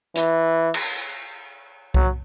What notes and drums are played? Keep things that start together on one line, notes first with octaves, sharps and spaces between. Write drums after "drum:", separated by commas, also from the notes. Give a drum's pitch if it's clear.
E3, drum: hi-hat
drum: cymbal
F#3, drum: kick C2